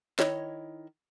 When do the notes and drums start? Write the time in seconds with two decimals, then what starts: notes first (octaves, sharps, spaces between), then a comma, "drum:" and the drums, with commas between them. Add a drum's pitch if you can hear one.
0.19 D#3 E4 C#5 D#5, drum: snare